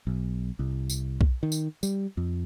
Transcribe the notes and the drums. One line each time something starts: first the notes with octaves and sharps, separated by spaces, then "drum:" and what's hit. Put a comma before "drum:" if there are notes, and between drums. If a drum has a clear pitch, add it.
B1
C2
drum: tambourine
drum: kick B1
D#3
drum: tambourine
G3, drum: tambourine
F2